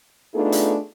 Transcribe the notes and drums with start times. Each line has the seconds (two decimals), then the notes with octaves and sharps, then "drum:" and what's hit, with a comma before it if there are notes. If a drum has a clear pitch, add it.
0.35 A3 B3 D4 D#4 F4 G#4
0.52 drum: hi-hat